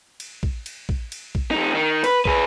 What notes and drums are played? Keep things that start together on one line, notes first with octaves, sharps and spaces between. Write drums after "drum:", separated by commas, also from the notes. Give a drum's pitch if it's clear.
drum: cymbal
drum: kick
drum: cymbal
drum: kick
drum: cymbal
drum: kick
F2 D#4
D#3
B4, drum: cymbal
G#4 B4, drum: kick